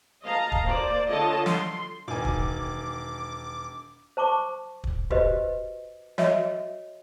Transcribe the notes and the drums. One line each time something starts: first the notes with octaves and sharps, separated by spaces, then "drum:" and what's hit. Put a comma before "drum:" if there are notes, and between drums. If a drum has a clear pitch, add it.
D#5 F5 A5 A#5
drum: kick
A#3 C5 D5
D3 F4 A4 C#5 D#5 A5
C6, drum: snare
E1 D#3 G#5 D6
drum: kick
C5 A5 C#6 D6
drum: kick
F#4 G4 B4 C5 D#5, drum: kick
F#4 C#5 D#5 E5, drum: snare